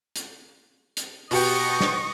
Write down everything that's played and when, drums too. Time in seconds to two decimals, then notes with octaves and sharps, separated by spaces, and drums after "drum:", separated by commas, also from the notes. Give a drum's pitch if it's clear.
0.16 drum: hi-hat
0.97 drum: hi-hat
1.31 B2 F#4 G4 D#5 C#6 A#6, drum: open hi-hat
1.81 drum: snare